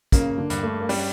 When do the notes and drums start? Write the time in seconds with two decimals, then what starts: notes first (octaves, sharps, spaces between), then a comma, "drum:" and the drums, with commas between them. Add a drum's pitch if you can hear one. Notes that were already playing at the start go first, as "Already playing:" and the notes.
0.12 C#3 A#3, drum: kick, hi-hat
0.38 D3
0.50 G2, drum: hi-hat
0.63 A3
0.80 A#3
0.89 G3 C#4, drum: open hi-hat